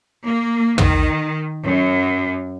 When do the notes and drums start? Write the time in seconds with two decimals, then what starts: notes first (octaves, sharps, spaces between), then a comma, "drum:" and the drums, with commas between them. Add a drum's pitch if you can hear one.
0.24 A#3
0.78 D#3, drum: tom
1.64 F#2